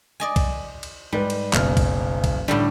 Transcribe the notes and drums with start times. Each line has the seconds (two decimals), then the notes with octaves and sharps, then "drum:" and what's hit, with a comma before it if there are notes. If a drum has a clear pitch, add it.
0.20 D5 D#5 G#5
0.36 drum: kick B1, cymbal
0.83 drum: cymbal
1.12 G#2 G3 B4
1.30 drum: cymbal
1.53 F#1 B1 F6, drum: clap
1.77 drum: kick B1, cymbal
2.24 drum: kick B1, cymbal
2.48 A2 D3 G3 D4